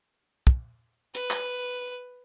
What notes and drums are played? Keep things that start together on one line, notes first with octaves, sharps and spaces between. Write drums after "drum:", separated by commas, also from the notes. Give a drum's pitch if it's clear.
drum: kick
B4, drum: hi-hat
drum: clap